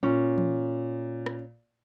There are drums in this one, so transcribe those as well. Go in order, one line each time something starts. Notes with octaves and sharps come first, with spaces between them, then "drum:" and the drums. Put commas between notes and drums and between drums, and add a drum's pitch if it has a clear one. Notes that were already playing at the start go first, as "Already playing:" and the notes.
A#2 C#4
drum: tom E3
drum: rim click